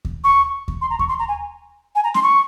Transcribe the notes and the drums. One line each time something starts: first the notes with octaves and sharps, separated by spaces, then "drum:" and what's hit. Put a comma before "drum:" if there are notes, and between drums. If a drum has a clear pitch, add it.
drum: kick D#2
C#6
drum: kick D#2
C6
A#5
C#6, drum: kick D#2
C6
A#5
G#5
G#5
A#5
C6, drum: snare
C#6